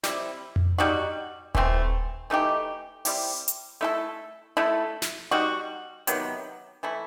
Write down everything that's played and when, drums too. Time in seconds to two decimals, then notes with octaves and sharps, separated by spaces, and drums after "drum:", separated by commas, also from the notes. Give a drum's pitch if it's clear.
0.03 G3 C4 E4, drum: snare
0.56 drum: tom F2
0.78 G3 D#4 F#4
1.55 E3 A3 C4, drum: kick D#1
2.30 E3 A3 D#4 G4
3.05 G3 C4 E4 G4, drum: open hi-hat
3.48 drum: hi-hat
3.81 A3 E4 A4
4.57 A3 E4 A4
5.02 drum: snare
5.31 G3 D#4 F#4
6.07 C3 D#3 F#3 B3, drum: hi-hat
6.83 E3 A3 E4